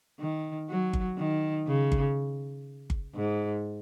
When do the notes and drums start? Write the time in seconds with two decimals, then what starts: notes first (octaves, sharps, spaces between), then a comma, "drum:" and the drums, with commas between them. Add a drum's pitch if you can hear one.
0.20 D#3
0.69 F#3
0.93 drum: kick G1
1.18 D#3
1.67 C#3
1.92 drum: kick G1
2.90 drum: kick G1
3.14 G#2